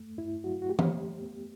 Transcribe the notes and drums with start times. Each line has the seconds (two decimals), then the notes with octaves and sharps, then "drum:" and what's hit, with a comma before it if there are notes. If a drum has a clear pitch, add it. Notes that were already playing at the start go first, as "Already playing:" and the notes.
Already playing: A3
0.18 G2 E4
0.44 F#3 F#4
0.62 F#4
0.69 A3 G4
0.79 drum: tom E3
0.96 A3
1.22 B3